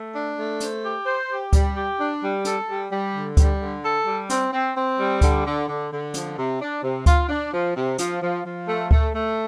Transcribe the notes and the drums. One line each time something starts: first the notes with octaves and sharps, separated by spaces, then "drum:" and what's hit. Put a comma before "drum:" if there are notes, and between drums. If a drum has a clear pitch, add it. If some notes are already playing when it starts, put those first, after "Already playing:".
Already playing: A3
D4
A3
C5, drum: hi-hat
G4
C5
G4
G3, drum: kick D2, hi-hat
G4
D4
G3
A4, drum: hi-hat
G3
G3
D3
G3, drum: kick D2, hi-hat
D3
A4
G3
C4, drum: hi-hat
C4
C4
G3
D3, drum: kick D2, hi-hat
D3
D3
D3
F3, drum: hi-hat
C3
D4
C3
F4, drum: kick D2, hi-hat
D4
F3
C3
F3, drum: hi-hat
F3
F3
A3
A3, drum: kick D2
A3